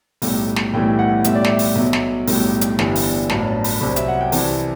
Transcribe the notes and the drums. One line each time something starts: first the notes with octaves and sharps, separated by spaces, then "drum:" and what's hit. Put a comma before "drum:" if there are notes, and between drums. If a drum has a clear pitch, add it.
B1 A2 G3, drum: open hi-hat
drum: snare
B1 A2 E3 G3 G5
F#5
B1 A2 G3 E5, drum: hi-hat
D5
E5, drum: snare
drum: open hi-hat
B1 B2 F#3
drum: snare
B1 A2 G3, drum: open hi-hat
drum: hi-hat
G1 G2 E3 G3, drum: snare
drum: open hi-hat
A1 G2 F#3 A5, drum: snare
A5
B5, drum: open hi-hat
C2 C3 F#3
E5, drum: hi-hat
F#5
G5
C2 C3 E3 A5, drum: open hi-hat